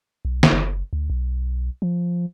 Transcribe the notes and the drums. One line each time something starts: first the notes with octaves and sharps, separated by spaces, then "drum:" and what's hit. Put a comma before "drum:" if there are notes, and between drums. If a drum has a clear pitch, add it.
B1
drum: snare
F#1
D2
B1
F3